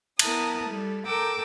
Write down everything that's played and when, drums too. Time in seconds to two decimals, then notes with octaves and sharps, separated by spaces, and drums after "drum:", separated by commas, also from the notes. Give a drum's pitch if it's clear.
0.19 B3 E4 A#4 A5 D#6, drum: cymbal
0.68 G3 A4
1.06 A4 A#4 G5 D6 E6